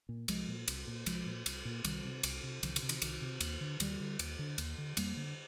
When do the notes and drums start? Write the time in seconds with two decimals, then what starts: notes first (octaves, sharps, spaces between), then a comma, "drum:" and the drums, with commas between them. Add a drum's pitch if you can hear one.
0.09 A#2
0.28 C2 F3 G#3, drum: cymbal
0.48 A#2
0.68 C2, drum: cymbal
0.87 A#2
1.06 C2 F3 G#3, drum: cymbal
1.26 A#2
1.46 C2, drum: cymbal
1.65 A#2
1.85 C2 D#3 G3, drum: cymbal
2.05 C3
2.23 C2, drum: cymbal
2.43 C3
2.63 C2 D3 F3, drum: cymbal
2.76 D3, drum: cymbal
2.82 C3
2.89 D#3, drum: cymbal
3.02 C2 D#3, drum: cymbal
3.21 C3
3.41 D#2, drum: cymbal
3.61 D3
3.80 D#2 D#3 G3, drum: cymbal
4.00 D3
4.19 D#2, drum: cymbal
4.39 D3
4.58 D#2, drum: cymbal
4.78 D3
4.97 F2 G3 A#3, drum: cymbal
5.17 D3